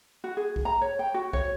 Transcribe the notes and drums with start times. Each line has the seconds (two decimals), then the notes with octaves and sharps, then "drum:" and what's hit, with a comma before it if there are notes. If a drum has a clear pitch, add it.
0.24 F#4
0.37 G#4
0.56 drum: kick B1
0.65 A#5
0.82 C#5
0.99 G5
1.14 F#4
1.33 C#5, drum: kick B1